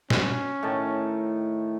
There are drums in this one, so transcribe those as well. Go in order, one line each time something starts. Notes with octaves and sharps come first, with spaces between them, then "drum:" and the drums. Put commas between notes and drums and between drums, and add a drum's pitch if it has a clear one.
C#4, drum: snare
A2 D#3 A5